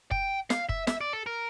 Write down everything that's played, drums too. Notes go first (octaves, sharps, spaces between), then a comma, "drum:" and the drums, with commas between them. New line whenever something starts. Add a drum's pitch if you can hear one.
G5, drum: kick
F5, drum: snare
E5, drum: kick
E5, drum: snare
D5
A4
A#4